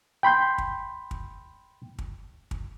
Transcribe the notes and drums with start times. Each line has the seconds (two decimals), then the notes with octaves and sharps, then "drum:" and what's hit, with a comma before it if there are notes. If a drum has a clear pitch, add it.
0.23 G5 B5 C6 G6
0.58 drum: kick
1.11 drum: kick
1.98 drum: kick
2.51 drum: kick